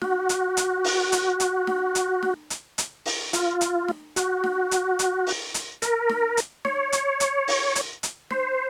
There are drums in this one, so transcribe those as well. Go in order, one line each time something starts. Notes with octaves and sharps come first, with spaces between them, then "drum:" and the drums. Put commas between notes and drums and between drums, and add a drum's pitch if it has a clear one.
F#4, drum: snare
drum: hi-hat
drum: hi-hat
drum: open hi-hat
drum: hi-hat
drum: hi-hat
drum: snare
drum: hi-hat
drum: snare
drum: hi-hat
drum: hi-hat
drum: open hi-hat
F4, drum: hi-hat
drum: hi-hat
drum: snare
F#4, drum: hi-hat
drum: snare
drum: hi-hat
drum: hi-hat
drum: open hi-hat
drum: hi-hat
A#4, drum: hi-hat
drum: snare
drum: hi-hat
C#5, drum: snare
drum: hi-hat
drum: hi-hat
drum: open hi-hat
drum: hi-hat
drum: hi-hat
C5, drum: snare